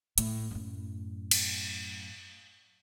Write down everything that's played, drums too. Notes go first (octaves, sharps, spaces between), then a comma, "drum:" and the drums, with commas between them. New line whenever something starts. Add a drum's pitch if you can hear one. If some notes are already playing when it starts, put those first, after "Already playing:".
A2, drum: hi-hat
F#2 A2
drum: cymbal